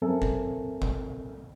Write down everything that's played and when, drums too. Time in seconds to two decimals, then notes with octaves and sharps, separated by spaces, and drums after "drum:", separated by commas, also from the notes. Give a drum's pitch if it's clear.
0.02 F#2 C4 A4 A#4 E5 G#5
0.22 drum: kick
0.82 drum: kick